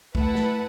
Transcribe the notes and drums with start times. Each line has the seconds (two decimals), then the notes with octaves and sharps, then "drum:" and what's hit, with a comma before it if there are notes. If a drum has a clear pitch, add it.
0.15 A3 E4 B4 F#5 A5, drum: kick
0.35 drum: snare